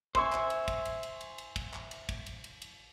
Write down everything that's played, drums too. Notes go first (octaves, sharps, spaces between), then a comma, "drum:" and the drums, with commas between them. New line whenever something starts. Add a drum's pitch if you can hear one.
C5 E5 G#5 C6 C#6, drum: kick
drum: clap
drum: cymbal
drum: kick, cymbal
drum: cymbal
drum: cymbal
drum: cymbal
drum: cymbal
drum: kick, cymbal
drum: clap
drum: cymbal
drum: kick, cymbal
drum: cymbal
drum: cymbal
drum: cymbal